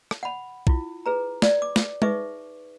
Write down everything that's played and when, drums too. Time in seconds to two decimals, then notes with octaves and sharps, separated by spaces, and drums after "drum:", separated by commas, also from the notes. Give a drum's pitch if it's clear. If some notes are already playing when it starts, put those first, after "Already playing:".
0.11 drum: rim click
0.23 F#5 B5
0.67 E4 F4, drum: kick
1.06 G#4 B4 A#5
1.42 D5, drum: snare
1.62 D6
1.76 drum: snare
2.02 D#4 G#4 B4 E5 C#6 D6, drum: tom G#3